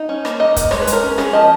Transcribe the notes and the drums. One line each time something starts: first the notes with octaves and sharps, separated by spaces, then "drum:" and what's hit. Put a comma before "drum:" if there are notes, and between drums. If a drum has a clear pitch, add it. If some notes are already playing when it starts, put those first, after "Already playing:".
Already playing: D#4
C#4
A#3, drum: rim click
D#3 D#5
A#3, drum: kick, hi-hat
G#3 C#5, drum: rim click
B4
G#3, drum: hi-hat
A#4
C#4
C#4 G#4, drum: rim click
F3 D#5